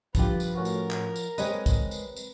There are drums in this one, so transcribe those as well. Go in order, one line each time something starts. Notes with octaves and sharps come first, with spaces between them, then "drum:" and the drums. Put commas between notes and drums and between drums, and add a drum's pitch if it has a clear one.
A#1 G2 F3 F4 G4 B4, drum: kick, tambourine
drum: tambourine
A2 C#4 F#4 A#4
drum: tambourine
drum: clap
drum: tambourine
G#3 C4 B4 C#5 D#5, drum: tambourine
drum: kick, tambourine
drum: tambourine
drum: tambourine